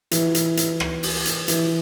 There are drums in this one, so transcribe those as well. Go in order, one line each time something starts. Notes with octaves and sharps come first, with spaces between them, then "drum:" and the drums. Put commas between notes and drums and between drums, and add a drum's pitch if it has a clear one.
E3, drum: hi-hat
drum: hi-hat
drum: hi-hat
drum: rim click
drum: open hi-hat
drum: hi-hat
E3, drum: hi-hat